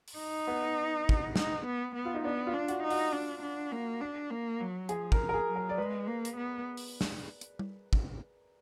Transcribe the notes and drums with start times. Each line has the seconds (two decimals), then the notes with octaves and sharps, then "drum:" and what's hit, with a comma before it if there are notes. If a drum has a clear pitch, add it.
0.08 drum: open hi-hat
0.18 D#4
0.47 B3
1.09 drum: kick
1.36 D#4, drum: snare
1.66 B3
1.95 B3
2.05 F4
2.14 D#4
2.24 B3 D4
2.47 F4
2.54 D4
2.68 F#4, drum: hi-hat
2.83 D#4
2.90 F#4, drum: open hi-hat
3.13 D4
3.42 D4
3.72 A#3
4.01 D4
4.30 A#3
4.60 F#3
4.89 F3 G#4, drum: hi-hat
5.12 A#4, drum: kick
5.29 A#4
5.34 G#4
5.49 F#3
5.56 A#4
5.69 D5
5.78 G#3 B4
6.07 A#3
6.25 drum: hi-hat
6.37 B3
6.77 drum: open hi-hat
7.01 drum: snare
7.41 drum: hi-hat
7.59 drum: tom G3
7.93 drum: kick